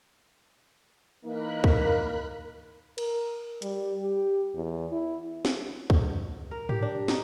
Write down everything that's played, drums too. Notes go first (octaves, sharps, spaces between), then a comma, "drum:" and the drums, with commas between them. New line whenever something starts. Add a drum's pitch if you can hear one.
E3 A#3 D#4 A#4 B5 F#6
drum: kick C#2
A#4, drum: cymbal
G3, drum: hi-hat
G4
E2
E4
drum: snare
drum: kick C#2
A#4
G4, drum: tom G#2
D4
D#4, drum: snare